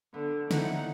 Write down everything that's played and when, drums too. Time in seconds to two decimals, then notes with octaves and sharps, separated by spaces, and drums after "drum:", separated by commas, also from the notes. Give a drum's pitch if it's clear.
0.14 D3 B3
0.51 D3 C4 D#4 E4 F#5, drum: snare